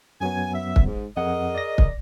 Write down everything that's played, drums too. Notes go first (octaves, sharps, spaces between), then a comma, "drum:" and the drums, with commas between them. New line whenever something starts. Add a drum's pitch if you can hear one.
F#2 F#3 B3 G#5
E5
drum: kick
G#2
F2 G#4 A#4 D#5 F#5
D5 A#6
drum: kick